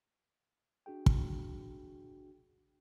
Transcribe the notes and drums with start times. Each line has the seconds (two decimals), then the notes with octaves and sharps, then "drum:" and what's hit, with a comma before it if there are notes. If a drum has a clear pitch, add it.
0.86 D4 F#4 G#4 G5
1.06 drum: kick